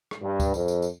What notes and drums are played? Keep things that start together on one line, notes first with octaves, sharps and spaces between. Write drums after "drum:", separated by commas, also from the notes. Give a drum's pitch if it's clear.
drum: rim click
G2
drum: kick D2, tambourine
F2, drum: tambourine
drum: tambourine
drum: tambourine